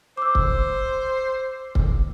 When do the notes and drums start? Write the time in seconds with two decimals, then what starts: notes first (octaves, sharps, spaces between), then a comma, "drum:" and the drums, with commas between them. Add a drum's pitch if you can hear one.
0.17 C5 D6 E6
0.35 drum: kick C#1
1.75 drum: kick C#1